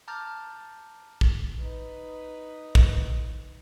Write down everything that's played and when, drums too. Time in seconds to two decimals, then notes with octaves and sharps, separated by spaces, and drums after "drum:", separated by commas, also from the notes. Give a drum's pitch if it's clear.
0.08 A5 A#5 D6 F6 G6 A6
1.21 drum: kick
1.60 D#4 B4
2.75 drum: kick